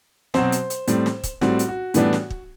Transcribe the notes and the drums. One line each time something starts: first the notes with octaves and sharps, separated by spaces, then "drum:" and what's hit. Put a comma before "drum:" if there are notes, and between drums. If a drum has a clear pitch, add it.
B2 F#3 C4 C5, drum: snare
drum: hi-hat
drum: hi-hat
A2 G3 C4, drum: hi-hat
drum: snare
drum: kick, hi-hat
A2 G3 C4 F#4, drum: snare
drum: hi-hat
F#4
A2 E3 G3 B3 D4, drum: hi-hat
drum: snare
drum: kick